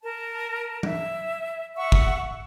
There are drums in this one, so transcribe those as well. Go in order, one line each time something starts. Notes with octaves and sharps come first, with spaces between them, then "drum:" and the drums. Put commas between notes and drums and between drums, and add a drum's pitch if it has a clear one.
A#4 A5
E5, drum: tom F#3
E5 F#5 C#6 E6
drum: kick